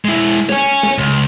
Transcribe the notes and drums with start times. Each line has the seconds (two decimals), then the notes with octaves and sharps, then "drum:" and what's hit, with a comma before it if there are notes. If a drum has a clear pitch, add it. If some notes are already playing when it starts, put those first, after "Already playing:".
0.05 G#3 E4
0.49 C#5 G#5, drum: snare
0.83 drum: snare
0.98 C#2